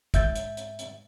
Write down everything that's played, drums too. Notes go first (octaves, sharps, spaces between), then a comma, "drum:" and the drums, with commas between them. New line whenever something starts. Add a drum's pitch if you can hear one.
G#2 E5 G6 A6, drum: kick, hi-hat
drum: hi-hat
drum: hi-hat
drum: hi-hat